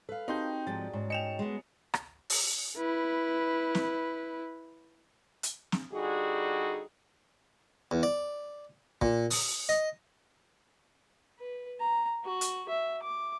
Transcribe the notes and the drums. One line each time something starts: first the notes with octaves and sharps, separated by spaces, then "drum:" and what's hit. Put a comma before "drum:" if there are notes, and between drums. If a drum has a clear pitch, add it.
A4 B4 F5
C4 D#4 F#4 G4 A4 C6 G6
G#2 F3 D#4 G#4 D5 A6
G#2 C#4
D#5 G5 C#7 E7 F7
G#3 B3
drum: rim click
drum: open hi-hat
E4 B4
drum: snare
drum: hi-hat
drum: snare
D3 G3 D#4 F#4 G#4
E2
D5
A#2, drum: kick
D#6, drum: open hi-hat
D#5
B4
A#5
F#4
drum: hi-hat
E5
D6